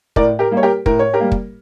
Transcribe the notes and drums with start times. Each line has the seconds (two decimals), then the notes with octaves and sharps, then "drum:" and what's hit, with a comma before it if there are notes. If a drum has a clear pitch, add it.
0.16 A2 A#4 D5, drum: kick
0.39 G4 A#4
0.51 G3 A#3
0.57 C#5
0.63 G4 A#4
0.86 A2 A#4, drum: kick
0.99 C#5
1.13 G4 A#4
1.20 G3 A#3
1.32 drum: kick